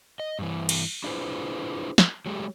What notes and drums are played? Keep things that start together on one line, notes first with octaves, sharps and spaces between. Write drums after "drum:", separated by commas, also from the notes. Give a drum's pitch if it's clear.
D#5
G2 E3
drum: cymbal
D4 E4 F4 G#4 B4 C5
drum: snare
F#3 G#3 A3 G4